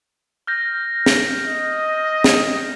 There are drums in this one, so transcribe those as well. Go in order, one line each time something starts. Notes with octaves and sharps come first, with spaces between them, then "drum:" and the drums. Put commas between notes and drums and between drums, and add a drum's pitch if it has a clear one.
F6 G6 A#6
drum: snare
D#5
drum: snare